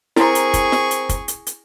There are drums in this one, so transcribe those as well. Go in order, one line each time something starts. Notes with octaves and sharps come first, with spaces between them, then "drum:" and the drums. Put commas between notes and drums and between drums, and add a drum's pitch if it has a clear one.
C4 E4 G#4 A#4 C#6, drum: snare
drum: hi-hat
drum: kick, hi-hat
drum: snare
drum: hi-hat
drum: kick, hi-hat
drum: hi-hat
drum: hi-hat